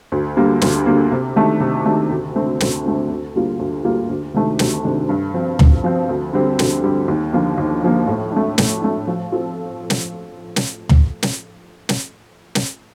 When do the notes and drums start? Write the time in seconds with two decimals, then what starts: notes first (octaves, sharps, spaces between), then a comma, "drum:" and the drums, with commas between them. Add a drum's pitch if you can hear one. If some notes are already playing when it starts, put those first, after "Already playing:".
0.12 D2
0.36 D3 G3 A#3
0.61 D2, drum: snare
0.86 D3 G3 A#3
1.11 C3
1.36 D#3 A3 D4
1.61 C3
1.86 D#3 A3 D4
2.11 D2
2.35 D3 A3 C4
2.60 D2, drum: snare
2.86 D3 A3 C4
3.10 D2
3.36 D3 G3 A#3 F4
3.59 D2
3.85 D3 G3 A#3 F4
4.10 D2
4.34 C3 D#3 A3 D4
4.59 D2, drum: snare
4.84 C3 D#3 A3 D4
5.09 G2
5.34 F3 C4
5.59 G2, drum: tom
5.84 F3 C4
6.09 D2
6.33 D3 G3 C4 G4
6.59 D2, drum: snare
6.84 D3 G3 C4 G4
7.08 D#2
7.33 D3 F3 A#3
7.58 D#2
7.83 D3 F3 A#3
8.07 A2
8.32 A3 D4
8.58 A2, drum: snare
8.82 A3 D4
9.07 F3
9.32 C4 F4 A4
9.90 drum: snare
10.56 drum: snare
10.89 drum: tom
11.23 drum: snare
11.89 drum: snare
12.55 drum: snare